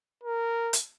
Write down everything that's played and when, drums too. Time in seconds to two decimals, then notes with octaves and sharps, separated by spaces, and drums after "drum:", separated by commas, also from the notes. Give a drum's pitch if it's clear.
0.23 A#4
0.73 drum: hi-hat